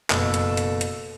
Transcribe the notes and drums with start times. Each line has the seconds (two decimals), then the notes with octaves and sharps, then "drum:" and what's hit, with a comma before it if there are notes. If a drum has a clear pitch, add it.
0.10 F#1 B2 A4, drum: clap
0.34 drum: hi-hat
0.57 drum: hi-hat
0.81 drum: hi-hat